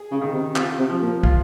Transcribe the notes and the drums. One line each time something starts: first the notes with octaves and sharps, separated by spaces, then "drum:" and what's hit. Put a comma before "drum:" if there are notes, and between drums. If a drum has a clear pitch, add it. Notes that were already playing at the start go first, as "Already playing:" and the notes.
Already playing: G#4
C#3
D#3
C3
C3 F4, drum: clap
C3
F3
A#2
F4, drum: kick